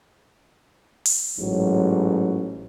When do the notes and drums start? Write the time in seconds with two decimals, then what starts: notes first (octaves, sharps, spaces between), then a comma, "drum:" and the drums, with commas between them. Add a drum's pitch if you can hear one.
1.05 drum: open hi-hat
1.39 A1 G#2 F#3